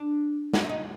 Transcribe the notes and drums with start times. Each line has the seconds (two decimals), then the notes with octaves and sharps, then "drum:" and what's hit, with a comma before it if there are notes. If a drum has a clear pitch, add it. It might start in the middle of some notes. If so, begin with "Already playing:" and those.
Already playing: D4
0.54 F#4, drum: snare
0.64 E4
0.69 D#4